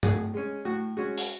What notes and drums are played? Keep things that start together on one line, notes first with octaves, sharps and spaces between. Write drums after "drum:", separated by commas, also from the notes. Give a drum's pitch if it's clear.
A2 G#4, drum: tom G2
G#3 C#4
A2 F#4
G#3 C#4 F#4
drum: open hi-hat